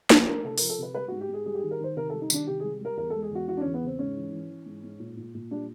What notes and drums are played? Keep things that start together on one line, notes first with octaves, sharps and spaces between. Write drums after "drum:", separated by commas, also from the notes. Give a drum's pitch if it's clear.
F3 B4, drum: snare
A3 A#4
C3 A4
A#4, drum: open hi-hat
F3
A4
C3 B4
G3 B4
G#2 F#4
G4
G#2 G#4
G3 G#4
G4
G#4
D#3
A#4
D#3 C5
C3 A#4
G3 A4
D#4
D#3 D4, drum: tambourine
C3 G4
G3 G#4
G3 A#4
E2 A#4
A4
G#3
G#4
E2 F#4
E3 F#4
D4
C#4
E2
B3
C#3
C4
G#2 C#4
E3
E3
E3
G#2
G#2
A#2
A#2
A#2
G3 D4